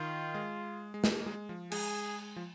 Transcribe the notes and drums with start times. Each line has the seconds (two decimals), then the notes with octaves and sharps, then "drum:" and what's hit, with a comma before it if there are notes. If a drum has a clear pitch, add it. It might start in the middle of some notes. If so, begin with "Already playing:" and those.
Already playing: D#3 F4
0.35 G#3
0.94 G#3
1.04 A#3, drum: snare
1.26 G#3
1.49 F3
1.72 G#3 G#4, drum: cymbal
2.36 F3